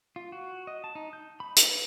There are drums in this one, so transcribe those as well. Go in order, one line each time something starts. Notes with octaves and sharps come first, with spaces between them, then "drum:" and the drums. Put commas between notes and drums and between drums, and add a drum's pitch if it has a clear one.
F4
F#4
D#5
A5
D#4
G6
B5
B4, drum: hi-hat